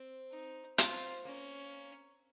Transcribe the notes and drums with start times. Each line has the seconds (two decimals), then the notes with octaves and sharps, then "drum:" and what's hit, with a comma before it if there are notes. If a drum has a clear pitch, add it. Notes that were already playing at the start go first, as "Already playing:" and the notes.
Already playing: C4
0.31 D#4
0.78 C4 F4, drum: hi-hat
1.25 A#3 C#4